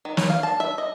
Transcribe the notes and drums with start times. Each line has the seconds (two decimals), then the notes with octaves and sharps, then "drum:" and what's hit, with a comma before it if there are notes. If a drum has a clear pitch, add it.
0.05 D#3
0.17 C#5, drum: snare
0.30 F5
0.43 A5
0.60 E5
0.78 D#5